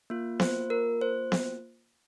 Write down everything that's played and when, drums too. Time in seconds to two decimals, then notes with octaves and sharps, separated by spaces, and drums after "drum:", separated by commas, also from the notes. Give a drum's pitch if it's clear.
0.10 A#3 F4
0.40 C5, drum: snare B3
0.70 A#4
1.01 C5
1.32 drum: snare B3